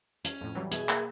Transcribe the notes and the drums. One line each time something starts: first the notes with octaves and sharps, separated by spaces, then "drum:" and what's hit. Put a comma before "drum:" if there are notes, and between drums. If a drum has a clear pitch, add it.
C#4, drum: hi-hat
F2 A2
E3 F#3 G3
B2 G#4 E5, drum: hi-hat
A#3, drum: clap